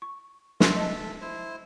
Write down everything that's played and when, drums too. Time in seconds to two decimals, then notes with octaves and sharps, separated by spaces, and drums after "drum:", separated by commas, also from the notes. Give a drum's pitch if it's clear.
0.02 C#6
0.60 A4 E5 C6, drum: snare
0.76 D#5 A5
1.21 E4 C5